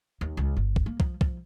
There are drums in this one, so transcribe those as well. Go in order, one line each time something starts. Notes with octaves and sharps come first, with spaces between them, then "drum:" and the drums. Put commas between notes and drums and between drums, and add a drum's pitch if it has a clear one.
D#2
C#2
G1
drum: kick
A#3
F3, drum: kick
F3, drum: kick